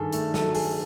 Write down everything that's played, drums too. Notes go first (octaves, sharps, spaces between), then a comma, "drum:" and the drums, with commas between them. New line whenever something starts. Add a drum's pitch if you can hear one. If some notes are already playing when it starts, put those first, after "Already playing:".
Already playing: G2 D#3 G#4 A4
A3 A4, drum: hi-hat
A4, drum: snare
F#3
G#4, drum: open hi-hat